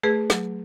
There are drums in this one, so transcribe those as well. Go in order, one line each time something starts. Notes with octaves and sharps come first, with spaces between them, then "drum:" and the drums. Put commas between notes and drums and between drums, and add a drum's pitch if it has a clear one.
A3 G#4 B4
F#3, drum: snare